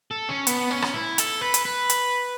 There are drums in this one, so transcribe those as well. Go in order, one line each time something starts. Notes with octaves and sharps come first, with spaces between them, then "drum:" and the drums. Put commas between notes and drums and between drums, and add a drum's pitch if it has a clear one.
A4
C#4
B3, drum: hi-hat
C#4
drum: rim click
E4
A4, drum: hi-hat
B4
drum: hi-hat
B4
drum: hi-hat